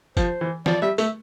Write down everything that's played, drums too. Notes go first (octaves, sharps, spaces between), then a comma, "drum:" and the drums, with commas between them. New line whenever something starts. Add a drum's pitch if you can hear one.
F3 C5, drum: kick, tambourine
E3
F3 D5, drum: snare
G3 E5
A3 E5, drum: tambourine